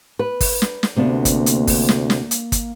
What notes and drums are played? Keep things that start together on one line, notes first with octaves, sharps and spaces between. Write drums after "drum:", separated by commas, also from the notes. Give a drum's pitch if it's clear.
B4
drum: kick, open hi-hat
drum: snare
drum: snare
D2 C3 A#3 B3 D4
drum: kick, hi-hat
drum: hi-hat
drum: kick, open hi-hat
drum: snare
drum: snare
drum: hi-hat
drum: kick, hi-hat